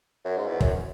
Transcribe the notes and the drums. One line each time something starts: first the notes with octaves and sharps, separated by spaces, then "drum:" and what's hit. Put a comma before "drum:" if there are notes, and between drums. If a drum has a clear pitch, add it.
F#2
G#2
E2
F#2, drum: kick